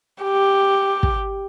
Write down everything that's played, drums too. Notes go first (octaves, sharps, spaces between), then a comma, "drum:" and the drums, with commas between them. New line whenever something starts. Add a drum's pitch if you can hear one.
G4
drum: kick